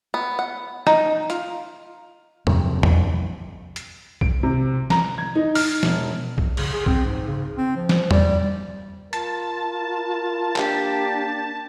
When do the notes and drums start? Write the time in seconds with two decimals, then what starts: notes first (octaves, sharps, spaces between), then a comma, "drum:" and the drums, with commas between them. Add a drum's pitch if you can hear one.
0.14 B3
0.39 F#5
0.87 D#4, drum: rim click
1.30 F4, drum: hi-hat
2.47 F#2 C3 F3 A3, drum: tom E2
2.83 A#1 F2 E3 G3, drum: tom E2
3.76 drum: hi-hat
4.21 D7, drum: kick B1
4.43 C3
4.90 A#5, drum: snare
5.18 G#6
5.35 D#4
5.55 F6, drum: open hi-hat
5.83 E1, drum: snare
6.38 drum: kick B1
6.57 C#3, drum: cymbal
6.73 G#4
6.86 C4, drum: kick B1
7.05 G#2
7.27 C#3
7.58 C4
7.76 F3
7.89 drum: snare
8.11 G3, drum: tom E2
9.13 F4 A#4 A5, drum: hi-hat
10.56 A#3 D4 G4, drum: clap